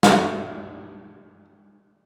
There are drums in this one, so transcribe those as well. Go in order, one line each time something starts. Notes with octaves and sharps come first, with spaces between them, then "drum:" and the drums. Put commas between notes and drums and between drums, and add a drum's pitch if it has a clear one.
A3 F#4 F5, drum: snare